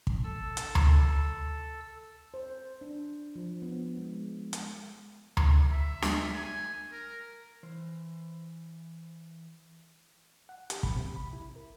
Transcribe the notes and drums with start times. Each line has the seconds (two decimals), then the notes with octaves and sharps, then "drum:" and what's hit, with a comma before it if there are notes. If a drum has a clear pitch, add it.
0.07 drum: kick
0.24 A4 E6
0.57 drum: hi-hat
0.75 drum: tom D2
2.34 C5
2.81 D4
3.36 F3
3.62 B3
3.97 G#3
4.53 G#3, drum: hi-hat
5.37 drum: tom D2
5.72 E5
6.02 drum: snare
6.35 G#5
6.92 A#4
7.63 E3 C5
10.49 F#5
10.70 G4, drum: hi-hat
10.83 B5, drum: kick
10.96 C3
11.16 B5
11.33 E4
11.56 A#4